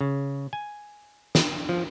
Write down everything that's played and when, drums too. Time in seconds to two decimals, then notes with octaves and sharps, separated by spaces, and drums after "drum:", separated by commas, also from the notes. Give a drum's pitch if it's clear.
0.01 C#3
0.53 G#5
1.35 drum: snare
1.69 F3